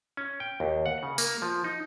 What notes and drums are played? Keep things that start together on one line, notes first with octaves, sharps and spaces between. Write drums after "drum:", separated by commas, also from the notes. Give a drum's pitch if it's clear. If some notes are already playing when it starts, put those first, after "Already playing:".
C#4
G5
D#2
F#5
C#3
A#3, drum: tambourine
F3
D#4